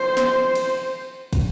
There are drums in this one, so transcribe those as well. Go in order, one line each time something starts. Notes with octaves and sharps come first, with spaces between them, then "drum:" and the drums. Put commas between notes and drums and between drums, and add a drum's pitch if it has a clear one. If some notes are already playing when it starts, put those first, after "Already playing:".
Already playing: C5
drum: snare
drum: cymbal
drum: kick, cymbal